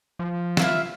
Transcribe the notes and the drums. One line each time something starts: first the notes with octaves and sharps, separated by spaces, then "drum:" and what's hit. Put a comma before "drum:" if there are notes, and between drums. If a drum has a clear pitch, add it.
F3
E4 F4 E5, drum: snare